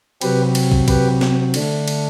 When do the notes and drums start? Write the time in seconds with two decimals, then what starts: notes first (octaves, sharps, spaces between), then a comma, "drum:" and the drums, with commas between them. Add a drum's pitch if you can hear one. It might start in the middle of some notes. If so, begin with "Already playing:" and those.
0.21 C3 F#3 C4 G4 B4, drum: cymbal
0.55 drum: cymbal
0.72 drum: kick
0.88 G4 B4, drum: kick, cymbal
1.21 drum: snare
1.54 D3 A3 D4, drum: cymbal
1.88 drum: cymbal